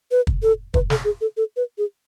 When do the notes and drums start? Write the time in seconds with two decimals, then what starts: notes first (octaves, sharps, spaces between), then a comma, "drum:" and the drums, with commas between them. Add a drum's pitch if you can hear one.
0.11 B4
0.27 drum: kick
0.43 A4
0.74 B4, drum: kick
0.90 A4, drum: snare
1.04 G#4
1.21 A4
1.37 A4
1.57 B4
1.78 G#4